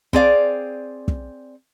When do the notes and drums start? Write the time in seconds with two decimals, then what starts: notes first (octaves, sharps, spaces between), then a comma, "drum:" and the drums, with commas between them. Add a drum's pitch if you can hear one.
0.13 C4 G#4 D5 F5, drum: kick
1.08 drum: kick